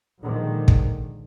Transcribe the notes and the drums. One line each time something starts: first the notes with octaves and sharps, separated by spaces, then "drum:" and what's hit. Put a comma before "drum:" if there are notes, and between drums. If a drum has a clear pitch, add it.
A#2 D3 D#3 F3 G#3
drum: kick